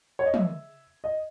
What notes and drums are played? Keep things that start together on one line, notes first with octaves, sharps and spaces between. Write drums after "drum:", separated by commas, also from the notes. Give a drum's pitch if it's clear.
C#5
D#5
E5, drum: tom
D#5